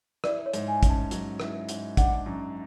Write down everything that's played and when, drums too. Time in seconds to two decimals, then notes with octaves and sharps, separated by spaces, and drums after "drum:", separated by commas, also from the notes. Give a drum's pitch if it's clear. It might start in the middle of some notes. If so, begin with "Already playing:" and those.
0.24 E4 D5, drum: rim click
0.46 C#5
0.53 G#2, drum: hi-hat
0.68 G#5
0.83 C#4, drum: kick, hi-hat
0.90 A5
1.11 F#3, drum: hi-hat
1.40 E4, drum: rim click
1.69 G#2, drum: hi-hat
1.97 D4 F#5, drum: kick, hi-hat
2.26 F#2